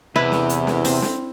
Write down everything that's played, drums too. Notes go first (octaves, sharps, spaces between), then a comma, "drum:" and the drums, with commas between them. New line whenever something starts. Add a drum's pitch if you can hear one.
E2 C3 E4 B4
drum: snare
drum: hi-hat
drum: snare
C4, drum: open hi-hat
drum: snare